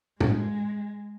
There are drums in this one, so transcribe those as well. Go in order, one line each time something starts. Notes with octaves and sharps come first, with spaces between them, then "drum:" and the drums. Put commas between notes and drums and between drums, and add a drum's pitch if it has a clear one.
G#3, drum: tom A2